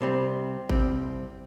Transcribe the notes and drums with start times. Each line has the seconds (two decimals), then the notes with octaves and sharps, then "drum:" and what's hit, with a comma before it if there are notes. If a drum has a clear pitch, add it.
0.01 C2 C3 G3 C4
0.69 C2 C3 G3 C4, drum: kick G#1